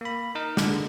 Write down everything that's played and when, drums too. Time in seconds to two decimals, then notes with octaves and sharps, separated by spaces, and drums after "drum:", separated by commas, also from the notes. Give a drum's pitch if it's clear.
0.01 A#3 B5
0.35 D#4 A#4
0.57 D3 G#3, drum: snare